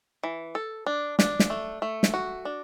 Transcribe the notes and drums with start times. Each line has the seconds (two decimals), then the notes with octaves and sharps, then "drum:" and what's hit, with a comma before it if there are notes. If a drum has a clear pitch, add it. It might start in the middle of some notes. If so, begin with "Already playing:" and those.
0.23 E3
0.55 A4
0.86 D4
1.19 D4, drum: snare
1.39 drum: snare
1.50 A3
1.82 A3
2.03 drum: snare
2.14 F#4
2.45 D4